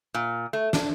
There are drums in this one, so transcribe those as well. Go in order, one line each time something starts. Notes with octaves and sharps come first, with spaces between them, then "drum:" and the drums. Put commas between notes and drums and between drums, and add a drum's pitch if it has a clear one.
A#2
A3
D4, drum: snare